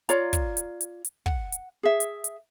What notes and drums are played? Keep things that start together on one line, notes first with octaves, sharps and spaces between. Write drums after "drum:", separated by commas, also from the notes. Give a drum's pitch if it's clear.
F4 C#5 D5 A#5, drum: hi-hat
drum: kick, hi-hat
drum: hi-hat
drum: hi-hat
drum: hi-hat
F#5, drum: kick
drum: hi-hat
G#4 E5
drum: hi-hat
drum: hi-hat